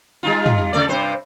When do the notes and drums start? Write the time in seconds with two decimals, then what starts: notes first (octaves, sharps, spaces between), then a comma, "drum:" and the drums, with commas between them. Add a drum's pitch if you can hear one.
0.23 G3 D#4 F4
0.46 drum: tom
0.73 C#3 A3 D5
0.88 G2 C3 C5